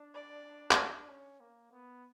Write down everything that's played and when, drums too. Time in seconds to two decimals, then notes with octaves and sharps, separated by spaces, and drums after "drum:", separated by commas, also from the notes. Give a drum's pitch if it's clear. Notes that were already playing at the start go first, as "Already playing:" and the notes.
Already playing: D4
0.14 D5
0.71 drum: clap
1.08 C#4
1.40 A#3
1.71 B3